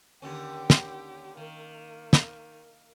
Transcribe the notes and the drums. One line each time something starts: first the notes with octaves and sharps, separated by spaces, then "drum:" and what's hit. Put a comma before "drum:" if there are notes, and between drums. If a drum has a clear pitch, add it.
D#2 D3 C#4 G4 G5
drum: snare
D#3 A#3
drum: snare